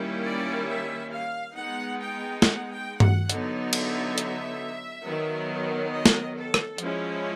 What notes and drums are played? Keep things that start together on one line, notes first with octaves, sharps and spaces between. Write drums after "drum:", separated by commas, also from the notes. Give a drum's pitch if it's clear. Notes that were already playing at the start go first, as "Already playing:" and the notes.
Already playing: D#3 G3 A#3 C#4 E4
D5
E5
F5
G#3 B3 D#4 F#5
G5
F#5, drum: snare
G5
F#5, drum: tom G2
D3 F#3 B3 D#4, drum: hi-hat
E5, drum: cymbal
drum: hi-hat
D#3 F#3 B3
D#5
drum: snare
A4
drum: rim click
F3 G#3 C#4 E4, drum: hi-hat